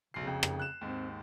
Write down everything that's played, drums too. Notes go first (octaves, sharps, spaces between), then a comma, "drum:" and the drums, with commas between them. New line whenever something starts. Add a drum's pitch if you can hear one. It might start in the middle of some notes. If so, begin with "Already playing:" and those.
B1 C#3 C7
F1 F2
drum: rim click
F#6 E7
D#2 G#2 C4